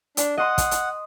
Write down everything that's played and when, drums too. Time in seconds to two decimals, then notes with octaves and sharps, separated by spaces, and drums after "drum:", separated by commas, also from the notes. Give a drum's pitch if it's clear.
0.17 D4, drum: hi-hat
0.37 D#5 F#5 C6
0.58 drum: kick, hi-hat
0.71 drum: hi-hat